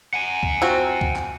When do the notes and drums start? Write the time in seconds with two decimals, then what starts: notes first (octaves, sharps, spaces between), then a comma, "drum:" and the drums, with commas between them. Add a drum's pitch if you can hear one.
0.14 F#5 G#5
0.43 drum: kick C#2
0.62 C4 F4 F#4
1.01 drum: kick C#2
1.16 drum: clap